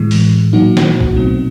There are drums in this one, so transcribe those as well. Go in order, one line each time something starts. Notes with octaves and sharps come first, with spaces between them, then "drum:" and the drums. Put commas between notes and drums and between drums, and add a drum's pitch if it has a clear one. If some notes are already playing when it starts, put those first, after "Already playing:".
Already playing: A2 E3 G#3
drum: open hi-hat
A#2 F#3 A#3 D#4 F#4
drum: snare
drum: kick
B2 F#3 A3 C4 D#4